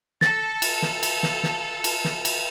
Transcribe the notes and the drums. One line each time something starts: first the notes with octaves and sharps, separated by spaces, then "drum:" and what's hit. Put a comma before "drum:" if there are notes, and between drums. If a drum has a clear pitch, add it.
A4 A6 A#6, drum: snare
drum: cymbal
drum: snare
drum: cymbal
drum: snare
drum: snare
drum: cymbal
drum: snare
drum: cymbal